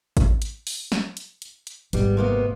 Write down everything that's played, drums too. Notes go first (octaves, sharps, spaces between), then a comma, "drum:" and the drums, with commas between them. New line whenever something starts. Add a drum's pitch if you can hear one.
drum: kick G#1, hi-hat
drum: hi-hat
drum: open hi-hat
drum: snare
drum: hi-hat
drum: hi-hat
drum: hi-hat
G#1 G3 B3, drum: hi-hat
C3 A#3 B3